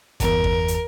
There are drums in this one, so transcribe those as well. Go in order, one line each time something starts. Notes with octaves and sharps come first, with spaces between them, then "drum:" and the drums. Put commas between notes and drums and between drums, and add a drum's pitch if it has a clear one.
G1 E2 A#4, drum: kick G#1, hi-hat
drum: kick G#1
drum: hi-hat